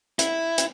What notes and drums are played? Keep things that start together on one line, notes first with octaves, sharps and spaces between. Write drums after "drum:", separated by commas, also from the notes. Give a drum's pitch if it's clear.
E4, drum: hi-hat
drum: hi-hat